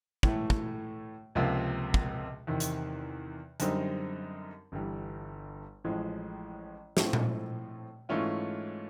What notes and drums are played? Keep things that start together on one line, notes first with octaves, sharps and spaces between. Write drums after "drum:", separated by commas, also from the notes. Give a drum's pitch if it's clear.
A2 E3 A3, drum: kick
drum: kick
C#2 C3 F3 A#3
drum: kick
E2 C3 D#3
drum: hi-hat
F#2 D3 G3 C4 D#4, drum: hi-hat
G1 G2 E3 G3
A1 A2 F3 G#3
A2 F3 A3 C4, drum: snare
drum: tom A#2
G#2 E3 A3 C#4 F4